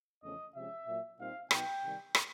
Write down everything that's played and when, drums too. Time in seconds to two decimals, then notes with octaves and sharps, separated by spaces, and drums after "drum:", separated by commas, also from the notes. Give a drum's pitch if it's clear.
0.23 E2 C#3 F3 A3 C#4 D#5
0.55 C3 F3 G#3 C#4 E5
0.88 A#2 F#3 A#3
1.19 A#2 G3 C4 D#4 F5
1.51 B2 F#3 B3 D#4 G5, drum: rim click
1.83 C3 D#3 G3
2.15 drum: rim click